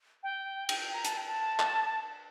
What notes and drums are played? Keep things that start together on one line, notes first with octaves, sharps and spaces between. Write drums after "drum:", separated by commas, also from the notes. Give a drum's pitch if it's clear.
G5
G5, drum: cymbal
A#5
A5, drum: hi-hat
G5
A5
drum: clap